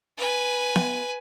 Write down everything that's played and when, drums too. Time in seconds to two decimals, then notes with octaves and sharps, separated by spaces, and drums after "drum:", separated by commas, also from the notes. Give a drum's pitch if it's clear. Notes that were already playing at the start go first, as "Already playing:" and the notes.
0.17 B4 G#5
0.76 drum: snare B3